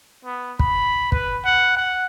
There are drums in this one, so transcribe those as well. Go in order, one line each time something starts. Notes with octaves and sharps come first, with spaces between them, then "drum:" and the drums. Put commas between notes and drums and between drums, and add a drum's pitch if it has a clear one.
B3
B5, drum: kick
B4, drum: kick
F#5
F#5